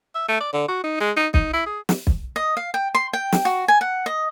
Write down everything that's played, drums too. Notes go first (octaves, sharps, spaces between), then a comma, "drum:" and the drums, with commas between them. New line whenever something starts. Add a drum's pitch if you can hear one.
E5
A3
D5
D3
F#4
D#4
G#3
D#4
D#4, drum: kick
E4
G#4
drum: snare
drum: kick
D#5
F5
G5
C6
G5
drum: snare
F#4
G#5
F#5
D#5